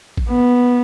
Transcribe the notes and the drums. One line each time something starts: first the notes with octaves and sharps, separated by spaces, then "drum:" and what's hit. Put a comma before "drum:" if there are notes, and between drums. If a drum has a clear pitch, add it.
drum: kick A1
B3